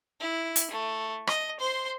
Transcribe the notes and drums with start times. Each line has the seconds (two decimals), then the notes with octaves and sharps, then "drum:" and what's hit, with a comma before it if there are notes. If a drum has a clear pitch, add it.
0.20 E4
0.56 drum: hi-hat
0.71 A3
1.27 D#5, drum: rim click
1.60 C5 C6